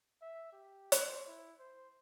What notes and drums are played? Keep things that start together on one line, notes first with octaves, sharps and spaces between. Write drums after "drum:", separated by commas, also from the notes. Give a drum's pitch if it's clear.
E5
G4
C5, drum: hi-hat
E4
C5